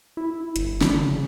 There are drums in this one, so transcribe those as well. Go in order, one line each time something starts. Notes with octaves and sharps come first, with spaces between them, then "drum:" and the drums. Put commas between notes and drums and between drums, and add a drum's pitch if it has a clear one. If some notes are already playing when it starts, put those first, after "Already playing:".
E4
G1, drum: hi-hat
D4, drum: snare
C#3